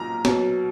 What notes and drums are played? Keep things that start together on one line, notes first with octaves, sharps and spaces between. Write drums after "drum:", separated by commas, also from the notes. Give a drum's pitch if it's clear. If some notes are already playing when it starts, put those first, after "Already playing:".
Already playing: B1 A#2 A#5
B2 F#3, drum: snare